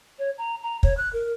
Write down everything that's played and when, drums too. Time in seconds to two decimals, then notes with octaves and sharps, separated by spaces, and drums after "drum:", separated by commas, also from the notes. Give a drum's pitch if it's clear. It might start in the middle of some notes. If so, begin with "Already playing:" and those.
0.19 C#5
0.38 A#5
0.63 A#5
0.83 C#5, drum: kick
0.97 F#6
1.13 A#4